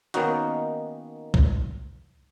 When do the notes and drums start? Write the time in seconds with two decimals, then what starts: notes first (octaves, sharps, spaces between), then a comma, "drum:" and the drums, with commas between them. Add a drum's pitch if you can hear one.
0.14 D#3 A#3 B3 C#4 D#4 F#4, drum: hi-hat
1.34 drum: kick